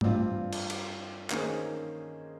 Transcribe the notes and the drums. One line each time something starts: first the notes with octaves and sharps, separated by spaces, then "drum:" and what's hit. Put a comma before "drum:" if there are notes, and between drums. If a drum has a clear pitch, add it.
G2 G3 C4 F4, drum: tom G#2
drum: cymbal
drum: cymbal
D#3 A#3 C#4 G#4 C5, drum: clap